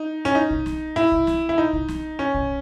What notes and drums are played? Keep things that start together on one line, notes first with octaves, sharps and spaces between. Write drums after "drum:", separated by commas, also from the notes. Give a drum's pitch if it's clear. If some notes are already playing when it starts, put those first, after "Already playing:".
Already playing: D#4
C#4
D#4
drum: kick
drum: snare
E4
drum: kick
drum: snare
E4
D#4
drum: kick
drum: snare
C#4
drum: kick